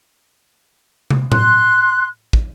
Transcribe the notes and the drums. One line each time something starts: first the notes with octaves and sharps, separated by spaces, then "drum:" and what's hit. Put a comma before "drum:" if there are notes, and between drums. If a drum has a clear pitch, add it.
drum: tom
C6 F#6, drum: tom A2
drum: kick